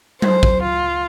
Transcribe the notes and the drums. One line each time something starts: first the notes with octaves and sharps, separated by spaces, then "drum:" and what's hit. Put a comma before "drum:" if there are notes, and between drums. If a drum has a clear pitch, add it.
C5, drum: tom F#3
drum: kick
F4